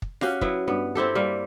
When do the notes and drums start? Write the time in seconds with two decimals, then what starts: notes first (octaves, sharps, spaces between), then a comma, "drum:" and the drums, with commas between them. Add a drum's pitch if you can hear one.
0.02 drum: kick
0.21 C#4 F#4 G4 F5, drum: snare F4
0.41 F#3 B3 E4, drum: kick
0.68 G2 B3
0.95 C4 E4 G4 A4
1.15 G3 A#3